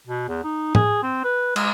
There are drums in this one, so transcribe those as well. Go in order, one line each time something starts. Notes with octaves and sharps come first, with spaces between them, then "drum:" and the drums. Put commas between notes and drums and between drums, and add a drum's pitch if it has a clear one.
B2
E2
D#4
G#4, drum: tom A2
C4
B4
G#3, drum: cymbal